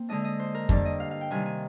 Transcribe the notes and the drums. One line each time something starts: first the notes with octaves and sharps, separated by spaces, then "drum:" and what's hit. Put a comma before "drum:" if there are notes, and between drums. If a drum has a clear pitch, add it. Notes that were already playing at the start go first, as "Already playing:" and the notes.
Already playing: A#3 C4
D3 G#3 D4 D#5
D#5
C5
A#4
G2 D3 G3 D4 D5, drum: kick F2
D#5
F5
F5
G5
C3 D#3 G3 G#5
G#5